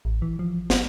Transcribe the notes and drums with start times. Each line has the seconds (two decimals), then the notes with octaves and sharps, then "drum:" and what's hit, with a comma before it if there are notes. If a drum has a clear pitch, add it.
0.05 A1
0.22 E3
0.39 F3
0.70 G1, drum: snare